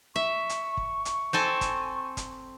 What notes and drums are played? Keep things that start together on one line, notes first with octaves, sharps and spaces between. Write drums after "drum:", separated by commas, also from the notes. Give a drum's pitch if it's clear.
E5 C#6
drum: hi-hat
drum: kick
drum: hi-hat
C4 A4 G#5
drum: kick, hi-hat
drum: kick, hi-hat